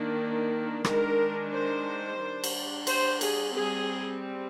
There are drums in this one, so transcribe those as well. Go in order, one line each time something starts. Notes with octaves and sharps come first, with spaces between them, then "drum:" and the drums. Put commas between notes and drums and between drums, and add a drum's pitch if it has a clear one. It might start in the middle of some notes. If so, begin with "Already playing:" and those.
Already playing: D#3 A#3 D4
D#3 G#3 D4 A#4, drum: rim click
C5
G3 D4
drum: cymbal
C5, drum: cymbal
G#4, drum: cymbal
G3 C4 G#4